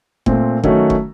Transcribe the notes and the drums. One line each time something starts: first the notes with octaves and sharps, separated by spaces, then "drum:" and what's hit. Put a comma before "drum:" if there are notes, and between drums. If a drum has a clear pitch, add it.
A#2 A3 C4, drum: kick F#1
D#3 F#3 A3 C#4 F#4, drum: kick F#1
drum: kick F#1